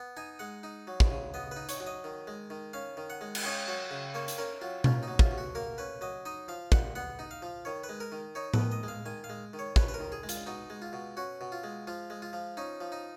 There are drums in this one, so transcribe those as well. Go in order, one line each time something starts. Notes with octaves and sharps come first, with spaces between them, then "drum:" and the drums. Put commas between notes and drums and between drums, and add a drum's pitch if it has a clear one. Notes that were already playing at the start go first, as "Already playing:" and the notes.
Already playing: B3
D#4 G#5
G#3 F#5
D#4
F#3
drum: kick
C#3
B3 D#5
D#4 B4
C#5, drum: hi-hat
F#3
D#5
D#3
G#3
D#3
C#4 F5
D#3
F#5
G#3
drum: cymbal
C#4 D#5
F#3
C#3
A#3 C#5
drum: hi-hat
C#4 A#4
F#3 F4
C#4 F4, drum: tom B2
F#3 D#4
F4, drum: kick
B2
F#4
A#3 A#4
C#4 B4
F#3 D#5
D#4 D#5
F3 F5
A#2 F#5, drum: kick
B3 F#5
D#4
F5
F3
D#3 C#5
B4
G#3
A#4
D#3
D#4 C#5
B4, drum: tom A2
D#3
D#5
G#3 F5
D#3 G#5
F5
G#3
D#3
C#5
C#4 B4, drum: kick
B4
A#4
D#3
G#4
G#3
F4, drum: hi-hat
B2 D#4
G#3
F4
B2
C#4 F#4
B2
F4
G#3
F3 F4
G#3
F4
F3
C#4 D#4
F3
D#4